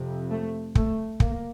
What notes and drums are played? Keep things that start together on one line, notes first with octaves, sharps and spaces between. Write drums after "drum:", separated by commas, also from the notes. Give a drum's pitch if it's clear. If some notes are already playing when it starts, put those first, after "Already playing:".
Already playing: F2 C3
A3
A3, drum: kick
A#3, drum: kick